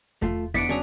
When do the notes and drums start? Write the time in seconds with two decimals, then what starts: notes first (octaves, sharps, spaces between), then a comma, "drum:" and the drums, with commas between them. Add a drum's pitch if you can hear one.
0.22 A3 F4, drum: kick E2
0.54 B1 B3 D4 E4 D5 B6 C#7 D7, drum: kick E2
0.69 C#3 F#3 D4 G#5 A#5